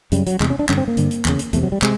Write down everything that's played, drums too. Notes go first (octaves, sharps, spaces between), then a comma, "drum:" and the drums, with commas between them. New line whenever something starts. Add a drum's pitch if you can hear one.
F#2 C#3 G3, drum: hi-hat
F#3, drum: hi-hat
E2 C3 G#3, drum: clap
C#4
D4
G2 D3 C#4, drum: clap
C4
A#3
G2 D3, drum: hi-hat
drum: hi-hat
E2 C#3, drum: clap
drum: hi-hat
E2 C3 A3, drum: hi-hat
F#3
G3
C3 G#3, drum: clap